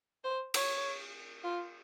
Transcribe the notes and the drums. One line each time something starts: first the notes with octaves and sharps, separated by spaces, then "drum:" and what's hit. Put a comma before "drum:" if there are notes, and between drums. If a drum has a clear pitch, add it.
C5
C#5, drum: cymbal
F4